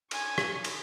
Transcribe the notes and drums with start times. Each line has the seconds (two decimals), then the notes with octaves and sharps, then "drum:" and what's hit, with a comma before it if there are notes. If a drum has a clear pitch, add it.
0.11 G#5 C#6, drum: cymbal
0.38 drum: rim click
0.64 drum: cymbal